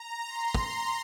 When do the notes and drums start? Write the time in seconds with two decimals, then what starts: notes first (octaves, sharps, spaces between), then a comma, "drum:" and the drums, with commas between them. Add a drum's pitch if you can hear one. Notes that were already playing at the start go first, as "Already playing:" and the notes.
Already playing: A#5
0.26 C6
0.55 drum: kick
0.71 A#5